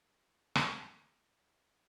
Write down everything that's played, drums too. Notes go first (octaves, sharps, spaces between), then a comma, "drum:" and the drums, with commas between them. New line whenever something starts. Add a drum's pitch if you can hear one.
C3 D5
drum: rim click